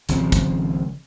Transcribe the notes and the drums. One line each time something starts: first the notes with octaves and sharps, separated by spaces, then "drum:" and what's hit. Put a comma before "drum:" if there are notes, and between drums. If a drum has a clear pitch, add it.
G#1 C#3 F3 C4, drum: hi-hat
drum: kick, hi-hat